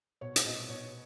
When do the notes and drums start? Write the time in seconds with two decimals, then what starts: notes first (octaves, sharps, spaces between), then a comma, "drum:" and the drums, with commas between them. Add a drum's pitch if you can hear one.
0.21 B2 C#5
0.36 drum: hi-hat
0.46 B2 D#5
0.70 B2 C#5